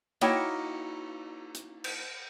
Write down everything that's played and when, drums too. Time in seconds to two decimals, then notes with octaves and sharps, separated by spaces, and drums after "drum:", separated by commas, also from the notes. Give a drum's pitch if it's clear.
0.21 A#3 D#4 E4 F#4 C#5 G5, drum: cymbal
1.55 drum: hi-hat
1.84 drum: cymbal